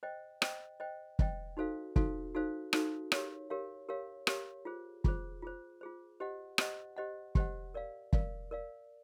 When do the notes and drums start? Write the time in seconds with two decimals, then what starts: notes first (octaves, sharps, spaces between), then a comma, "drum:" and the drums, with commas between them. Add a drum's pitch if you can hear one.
0.03 C5 D#5 G5
0.42 C5 D#5 G5, drum: rim click
0.80 C5 D#5 G5
1.19 C5 D#5 G5, drum: kick
1.57 D#4 F#4 A4 C5 F5
1.96 D#4 F#4 A4 C5 F5, drum: kick
2.34 D#4 F#4 A4 C5 F5
2.73 D#4 F#4 A4 C5 F5, drum: rim click
3.12 G4 A#4 C#5 F5, drum: rim click
3.50 G4 A#4 C#5 F5
3.89 G4 A#4 C#5 F5
4.27 G4 A#4 C#5 F5, drum: rim click
4.65 F4 G#4 C5
5.04 F4 G#4 C5, drum: kick
5.42 F4 G#4 C5
5.81 F4 G#4 C5
6.20 G4 C5 D#5 F#5
6.58 G4 C5 D#5 F#5, drum: rim click
6.97 G4 C5 D#5 F#5
7.35 G4 C5 D#5 F#5, drum: kick
7.74 A#4 D5 F5
8.13 A#4 D5 F5, drum: kick
8.51 A#4 D5 F5